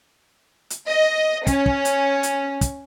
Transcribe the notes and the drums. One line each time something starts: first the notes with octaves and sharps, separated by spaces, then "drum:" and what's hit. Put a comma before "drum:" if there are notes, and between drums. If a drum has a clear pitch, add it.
drum: hi-hat
D#5
C#4, drum: kick, hi-hat
drum: kick
drum: hi-hat
drum: hi-hat
drum: kick, hi-hat